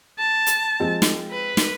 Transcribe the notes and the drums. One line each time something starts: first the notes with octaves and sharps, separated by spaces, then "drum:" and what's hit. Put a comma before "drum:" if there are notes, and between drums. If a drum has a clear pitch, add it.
A5
drum: hi-hat
F3 G#3 C4
drum: snare
B4
drum: snare